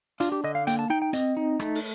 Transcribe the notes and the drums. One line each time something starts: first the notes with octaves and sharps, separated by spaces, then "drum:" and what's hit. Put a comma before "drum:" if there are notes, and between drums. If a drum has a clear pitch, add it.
D4 F4, drum: hi-hat
G4
D3 D#5
F5
A#3 G5, drum: hi-hat
A5
D#4 G5
G5
C4 D#5, drum: hi-hat
D#4
A3, drum: rim click
drum: open hi-hat